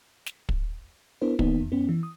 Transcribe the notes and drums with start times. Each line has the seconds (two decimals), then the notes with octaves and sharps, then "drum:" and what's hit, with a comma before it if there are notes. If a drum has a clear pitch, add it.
0.26 drum: snare
0.49 drum: kick
1.22 B3 D4 E4 A#4 C5
1.39 D#3 A#3 B3 D#4, drum: kick
1.60 E2
1.72 F#2 B3 C#4
1.89 E3
2.03 D#6